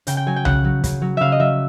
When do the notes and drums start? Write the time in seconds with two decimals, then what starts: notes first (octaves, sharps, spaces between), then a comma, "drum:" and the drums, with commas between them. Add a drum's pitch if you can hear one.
0.07 C#3 G5, drum: hi-hat
0.17 G5
0.27 F#3 G#5
0.36 G5
0.45 C#3 F#5, drum: tom C2
0.64 F#3
0.84 C#3, drum: kick, hi-hat
1.02 F#3
1.17 C#3 E5 F5
1.32 D#5
1.40 F#3 E5